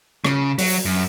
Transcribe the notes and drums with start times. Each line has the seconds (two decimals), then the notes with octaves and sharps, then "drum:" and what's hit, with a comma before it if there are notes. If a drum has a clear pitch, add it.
0.25 C#3, drum: rim click
0.58 F#3, drum: open hi-hat
0.85 F#2